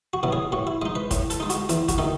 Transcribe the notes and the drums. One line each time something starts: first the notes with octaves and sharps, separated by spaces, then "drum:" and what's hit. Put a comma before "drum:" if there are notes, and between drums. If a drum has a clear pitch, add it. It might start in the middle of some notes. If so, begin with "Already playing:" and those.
F#4
B2 F#3 B3 E4
G#4
A2 F#4
E4
G#3 D#4 D#5
B4
A2, drum: kick, hi-hat
A4, drum: hi-hat
G#3 D#4
F#4, drum: hi-hat
E2 E4, drum: hi-hat
F#4, drum: kick, hi-hat
D#3 A3 D#4